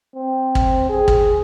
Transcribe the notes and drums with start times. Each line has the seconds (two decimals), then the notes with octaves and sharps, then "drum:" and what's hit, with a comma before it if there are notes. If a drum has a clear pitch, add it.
0.16 C4
0.55 drum: kick
0.90 G#4
1.08 drum: kick